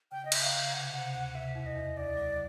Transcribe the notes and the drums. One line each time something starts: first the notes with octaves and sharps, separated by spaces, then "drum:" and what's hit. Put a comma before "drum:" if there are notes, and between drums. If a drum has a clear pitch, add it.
C#3 G5
D#5
C#3 E5, drum: cymbal
F5
C#3
C3 F#5
C3 F#5
D2 F#5
C3 E5
E2
D#5
E2
D2 D5
F#3